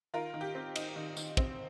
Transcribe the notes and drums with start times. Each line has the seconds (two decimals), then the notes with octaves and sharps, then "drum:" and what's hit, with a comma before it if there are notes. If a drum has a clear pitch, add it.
0.14 D#3 F4 A#4
0.34 D#3
0.41 G4
0.55 C4
0.76 D#4, drum: cymbal
0.96 D#3
1.17 D#3, drum: tambourine
1.37 C4, drum: kick